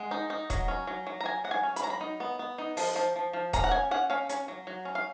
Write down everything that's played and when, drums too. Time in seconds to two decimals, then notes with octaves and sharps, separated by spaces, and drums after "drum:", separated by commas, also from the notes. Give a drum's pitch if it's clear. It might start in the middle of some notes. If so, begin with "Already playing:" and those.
Already playing: G#3 F#5
0.11 D#4
0.30 D#4
0.50 F#3, drum: kick D#1, hi-hat
0.68 C#4
0.87 F#3
1.07 F#3
1.21 A#5
1.25 F#3 G#5
1.44 F#3 F#5
1.51 G#5
1.63 C#4
1.76 B5, drum: hi-hat
1.82 F#3 A#5
1.90 B5
2.01 D#4
2.20 B3
2.39 B3
2.58 D#4
2.77 F3, drum: open hi-hat
2.96 F3
3.16 F3
3.33 F3
3.53 C#4 A#5, drum: kick D#1, hi-hat
3.64 F#5
3.71 C#4 G#5
3.91 C#4 F#5
4.10 C#4 F5
4.29 C#4, drum: hi-hat
4.48 F#3
4.67 F#3
4.85 C#4
4.95 F5